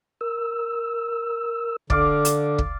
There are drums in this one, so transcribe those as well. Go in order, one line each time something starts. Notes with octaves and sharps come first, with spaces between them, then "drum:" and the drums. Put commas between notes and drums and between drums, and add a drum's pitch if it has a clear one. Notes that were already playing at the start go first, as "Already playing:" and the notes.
A#4 E6
D3 D5 F5 D6, drum: kick
drum: hi-hat
drum: kick